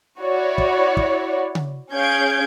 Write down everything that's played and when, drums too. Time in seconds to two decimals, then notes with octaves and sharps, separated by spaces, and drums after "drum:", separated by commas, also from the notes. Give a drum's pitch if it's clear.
0.19 E4 F#4 C#5 D5
0.58 drum: kick
0.97 drum: kick
1.55 drum: tom C#3
1.93 C#4 G#4 F5 G6 G#6 D7